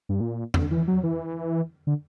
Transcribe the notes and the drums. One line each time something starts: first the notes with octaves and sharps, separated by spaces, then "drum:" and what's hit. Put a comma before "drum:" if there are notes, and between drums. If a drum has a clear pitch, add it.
G2
A#2
D3, drum: tom E2
E3
F#3
E3
D3